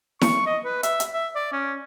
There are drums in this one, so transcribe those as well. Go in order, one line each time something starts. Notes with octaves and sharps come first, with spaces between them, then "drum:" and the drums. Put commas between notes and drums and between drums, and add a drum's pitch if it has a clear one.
C#6, drum: snare E4
D#5
B4
E5, drum: hi-hat
drum: hi-hat
E5
D5
C#4